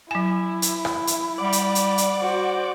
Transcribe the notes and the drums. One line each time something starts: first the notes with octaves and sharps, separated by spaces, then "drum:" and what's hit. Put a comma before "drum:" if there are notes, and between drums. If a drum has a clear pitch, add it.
F#3 E4 G#5
drum: hi-hat
drum: rim click
drum: hi-hat
G3 D5 F#5 D6
drum: hi-hat
drum: hi-hat
drum: hi-hat
F#4 C5